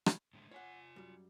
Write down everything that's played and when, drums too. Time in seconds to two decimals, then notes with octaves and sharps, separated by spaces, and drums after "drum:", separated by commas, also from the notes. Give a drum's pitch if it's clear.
0.06 drum: rim click
0.34 A2 D3 G#3
0.51 F4 C#5 F#5 G#5
0.96 F#2 G3